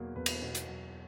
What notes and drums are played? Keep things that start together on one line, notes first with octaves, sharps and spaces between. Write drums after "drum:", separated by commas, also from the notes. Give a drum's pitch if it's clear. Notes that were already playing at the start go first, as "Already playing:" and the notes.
Already playing: E2 B2 F#3 A#3
E2 B4
drum: cymbal
B2
drum: hi-hat
F#3